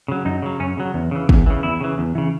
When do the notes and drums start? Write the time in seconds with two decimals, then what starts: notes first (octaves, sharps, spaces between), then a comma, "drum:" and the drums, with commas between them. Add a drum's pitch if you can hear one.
0.08 C#3 F#3
0.25 F#2 D#4
0.42 C#3 F#3
0.60 F#2 C#4
0.77 C#3 F#3
0.94 E2
1.11 C#3 E3
1.29 E2, drum: kick
1.46 C#3 E3
1.63 E2 E4
1.81 C#3 E3
1.98 E2
2.15 C#3 E3